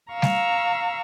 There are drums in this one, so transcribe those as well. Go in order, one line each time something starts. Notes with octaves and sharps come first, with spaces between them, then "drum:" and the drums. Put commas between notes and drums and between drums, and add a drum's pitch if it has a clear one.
F5 A#5 C#6 E6
drum: snare G3